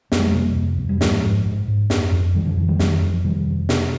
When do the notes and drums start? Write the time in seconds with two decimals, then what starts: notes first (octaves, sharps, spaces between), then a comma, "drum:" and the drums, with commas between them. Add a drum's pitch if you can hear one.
0.12 F2 A#3, drum: snare
0.20 G#3
0.28 G3 A#3
0.34 C3
0.56 F2
0.78 F2
0.89 G3
1.01 G#2 F3 G#3, drum: snare
1.23 G#2
1.45 G#2
1.68 G#2
1.90 F2, drum: snare
2.12 F2
2.35 F2 D#3 G3
2.46 D3 F3
2.57 F2 D#3
2.68 D#3 G3
2.75 G#3
2.79 F2 D#3 G3, drum: snare
3.02 F2
3.14 F3
3.25 C3 D#3 G3
3.46 F2
3.69 C3, drum: snare